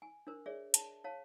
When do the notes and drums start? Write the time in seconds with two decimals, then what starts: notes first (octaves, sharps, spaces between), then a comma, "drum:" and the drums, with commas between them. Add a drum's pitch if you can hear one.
0.02 G#5
0.27 D4 A#4 C5
0.46 G#4 C#5 D5 E5
0.74 A5, drum: hi-hat
1.04 C#5 F5 A5